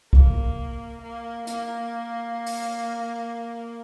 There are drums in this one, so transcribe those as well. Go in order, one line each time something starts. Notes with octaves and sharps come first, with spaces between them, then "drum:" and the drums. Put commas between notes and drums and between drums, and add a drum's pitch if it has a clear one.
A#3, drum: kick
A#3
A#3, drum: hi-hat
drum: open hi-hat